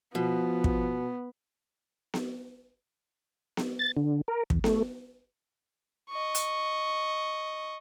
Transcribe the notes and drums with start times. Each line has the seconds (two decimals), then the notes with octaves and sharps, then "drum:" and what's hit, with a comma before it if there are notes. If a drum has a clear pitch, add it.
0.15 B2 F3 B3
0.64 drum: kick
2.14 drum: snare B3
3.57 drum: snare B3
3.79 A6
3.97 D3
4.28 A#4
4.50 E2, drum: kick
4.64 A3, drum: snare B3
6.10 D#5 C#6
6.35 drum: hi-hat